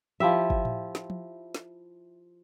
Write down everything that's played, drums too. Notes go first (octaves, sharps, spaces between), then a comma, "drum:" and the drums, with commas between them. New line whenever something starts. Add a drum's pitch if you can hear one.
F3 E4 G4 E5
drum: kick G1
drum: tom A2
drum: snare
drum: tom F3
drum: snare